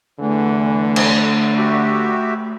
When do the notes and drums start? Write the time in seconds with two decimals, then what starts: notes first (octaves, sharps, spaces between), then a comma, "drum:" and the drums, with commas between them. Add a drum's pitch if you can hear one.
0.19 E2 D3 E3 A3
0.96 drum: cymbal
1.57 F#4 G4 E5